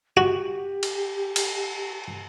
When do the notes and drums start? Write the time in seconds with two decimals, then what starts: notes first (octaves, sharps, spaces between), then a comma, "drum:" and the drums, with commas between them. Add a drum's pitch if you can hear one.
0.17 F#4 G4
0.83 drum: cymbal
1.36 drum: cymbal